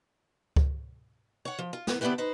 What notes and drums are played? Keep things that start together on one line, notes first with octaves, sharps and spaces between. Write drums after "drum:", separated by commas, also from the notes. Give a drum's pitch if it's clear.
drum: kick C#2
C#5 F#5
F3
F4
B3, drum: snare
D3 B3 D4 E4 G4 B4
D#4 B4 C5